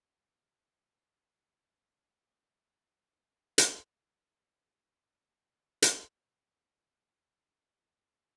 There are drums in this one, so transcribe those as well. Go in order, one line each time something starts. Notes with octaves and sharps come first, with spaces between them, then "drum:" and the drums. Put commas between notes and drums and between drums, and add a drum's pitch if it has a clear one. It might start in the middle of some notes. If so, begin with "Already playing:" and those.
F2 G3 F4 C#5
F#2 B2 G#4
D#4
D#4 E4 C#5 F5 C#6 C7
D4 D5 A5
drum: hi-hat
drum: hi-hat
D5
F4
G4
C5
D5